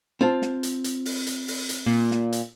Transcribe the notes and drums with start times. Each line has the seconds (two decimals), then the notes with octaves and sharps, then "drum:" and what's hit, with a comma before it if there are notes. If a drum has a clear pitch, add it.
0.21 C4 F4 A5
0.42 drum: snare
0.63 drum: hi-hat
0.84 drum: hi-hat
1.05 drum: open hi-hat
1.27 drum: hi-hat
1.48 drum: open hi-hat
1.69 drum: hi-hat
1.86 A#2
2.11 drum: snare
2.32 drum: hi-hat